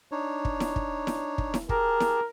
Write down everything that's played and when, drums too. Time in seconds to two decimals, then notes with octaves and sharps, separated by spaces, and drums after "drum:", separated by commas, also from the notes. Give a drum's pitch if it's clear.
0.12 D4 D#4 C#5
0.45 drum: kick
0.60 drum: snare E4
0.76 drum: kick
1.07 drum: snare E4
1.38 drum: kick
1.54 drum: snare E4
1.69 G4 G#4 A#4 A5, drum: kick
2.00 drum: snare E4